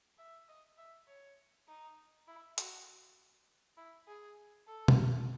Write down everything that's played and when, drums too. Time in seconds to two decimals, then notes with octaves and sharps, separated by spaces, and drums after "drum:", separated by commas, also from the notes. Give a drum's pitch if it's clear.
0.18 E5
0.48 D#5
0.78 E5
1.08 C#5
1.68 D#4
2.28 E4
2.58 F#4, drum: hi-hat
3.77 E4
4.07 G#4
4.67 A4
4.88 drum: tom B2